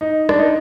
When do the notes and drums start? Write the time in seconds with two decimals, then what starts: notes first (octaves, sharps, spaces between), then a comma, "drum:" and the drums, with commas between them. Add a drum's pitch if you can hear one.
0.01 D#4
0.29 D4, drum: rim click
0.39 D#4